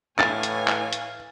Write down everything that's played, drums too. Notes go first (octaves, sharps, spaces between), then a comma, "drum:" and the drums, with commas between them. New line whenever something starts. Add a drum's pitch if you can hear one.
A2 E3 C#5 F5 G#5 A6, drum: clap
drum: hi-hat
drum: clap
drum: hi-hat